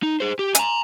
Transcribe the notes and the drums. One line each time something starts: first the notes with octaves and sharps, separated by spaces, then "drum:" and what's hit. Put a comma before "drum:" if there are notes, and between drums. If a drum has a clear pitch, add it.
D#4
G#4 C5
G4
G#5 A#5, drum: hi-hat